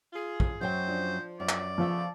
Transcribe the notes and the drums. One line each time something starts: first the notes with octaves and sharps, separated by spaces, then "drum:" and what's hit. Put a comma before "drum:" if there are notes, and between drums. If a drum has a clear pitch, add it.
F4 G#4
drum: kick
F#2 F#3 C5 G5
F3 D4
F#2 D5
drum: clap
C#3 F3 A3 B3 F5 E6